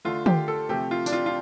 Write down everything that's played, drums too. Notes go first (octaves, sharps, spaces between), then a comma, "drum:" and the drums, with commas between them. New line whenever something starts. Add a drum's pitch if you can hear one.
D3 A3 F4
G4, drum: tom
A4
C3 F3 A3 G4
F4
D4, drum: tambourine
F4
F4